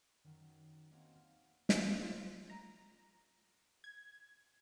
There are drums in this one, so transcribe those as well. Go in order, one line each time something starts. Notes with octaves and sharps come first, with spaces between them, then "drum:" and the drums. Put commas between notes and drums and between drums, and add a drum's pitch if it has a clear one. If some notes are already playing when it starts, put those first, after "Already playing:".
F#2 D#3 F#3
A#3 C4 C#4 D#4 F#4
F5
drum: snare
F4
A#5
G#6